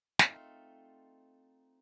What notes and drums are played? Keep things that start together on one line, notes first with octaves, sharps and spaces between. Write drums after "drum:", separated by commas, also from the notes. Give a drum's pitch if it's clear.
A3 C4 D#4 F4, drum: snare